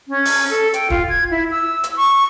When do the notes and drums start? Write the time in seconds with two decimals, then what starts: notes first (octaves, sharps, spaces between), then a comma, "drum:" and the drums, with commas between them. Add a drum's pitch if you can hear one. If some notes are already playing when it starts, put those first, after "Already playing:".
0.08 C#4
0.25 drum: open hi-hat
0.50 A4
0.74 G5, drum: hi-hat
0.90 F4, drum: kick
1.09 G#6
1.31 E4
1.51 E6
1.84 drum: hi-hat
1.96 C#6